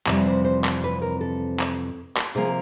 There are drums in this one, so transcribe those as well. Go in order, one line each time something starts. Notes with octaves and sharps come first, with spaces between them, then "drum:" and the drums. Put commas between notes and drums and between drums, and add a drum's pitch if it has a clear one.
F2 C3 E3 G3, drum: clap
C5
C5
drum: clap
B4
A#4
A4
drum: clap
drum: clap
C3 F3 A#3 G#4